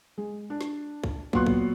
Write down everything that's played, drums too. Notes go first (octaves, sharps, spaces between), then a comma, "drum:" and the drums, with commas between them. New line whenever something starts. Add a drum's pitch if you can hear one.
G#3
D4
drum: snare
drum: kick
A#2 F#3 B3 C6 C#6 F#6, drum: kick
drum: kick